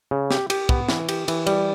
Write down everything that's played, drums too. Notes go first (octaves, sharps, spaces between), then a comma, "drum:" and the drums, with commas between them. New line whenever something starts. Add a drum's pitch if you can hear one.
C#3
G4, drum: snare
G4, drum: cymbal
B3, drum: kick
E3, drum: snare
G4, drum: cymbal
E3, drum: cymbal
G3, drum: cymbal